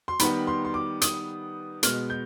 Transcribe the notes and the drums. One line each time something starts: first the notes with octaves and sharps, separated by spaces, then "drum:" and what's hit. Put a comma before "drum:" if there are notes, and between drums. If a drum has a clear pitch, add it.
C6
D#3 G3 B3 B5, drum: hi-hat
C6
C6
D6
D#6, drum: hi-hat
B2 G#3 B3 F6, drum: hi-hat
G6